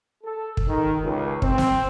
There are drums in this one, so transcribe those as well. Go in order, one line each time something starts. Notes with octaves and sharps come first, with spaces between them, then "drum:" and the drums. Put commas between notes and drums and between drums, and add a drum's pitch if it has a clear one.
A4
drum: kick
D#3
C#2
C4, drum: kick
drum: snare